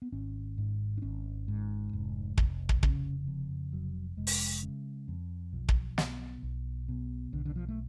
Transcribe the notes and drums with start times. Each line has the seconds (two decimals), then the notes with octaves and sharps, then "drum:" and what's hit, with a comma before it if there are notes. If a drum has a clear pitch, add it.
0.02 B3
0.12 G#1 C#4
0.58 G#2
0.97 D4
1.02 G#1 C#4
1.48 G#2
1.93 F1
2.38 F1, drum: kick
2.69 drum: kick
2.83 C#3 C#4, drum: kick
3.28 F2
3.72 F1 F#3
4.17 F1 G#3
4.27 drum: open hi-hat
4.63 C#3
5.08 F2
5.53 B1 F3
5.69 drum: kick
5.98 B2, drum: snare
6.43 B1
6.89 B2
7.33 B1 D3
7.45 D3
7.56 F3
7.68 A3